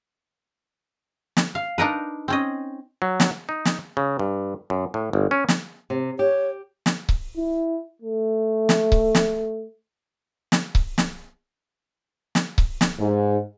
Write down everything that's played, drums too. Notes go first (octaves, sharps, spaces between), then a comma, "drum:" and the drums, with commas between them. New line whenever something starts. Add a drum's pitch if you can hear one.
drum: snare
F5
D4 D#4 A#4 B4
C4 C#4 D#5
F#3
drum: snare
D#4
drum: snare
C#3
G2
F#2
A2
G1
C#4
drum: snare
C3
G4 C#5
drum: snare
drum: kick C#1
E4
A3
drum: snare
drum: kick C#1
drum: snare
drum: snare
drum: kick C#1
drum: snare
drum: snare
drum: kick C#1
drum: snare
G#2